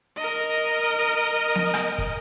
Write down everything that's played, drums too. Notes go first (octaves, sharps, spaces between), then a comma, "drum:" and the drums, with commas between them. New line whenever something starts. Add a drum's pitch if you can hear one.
A#4 D#5
drum: snare
drum: rim click
drum: kick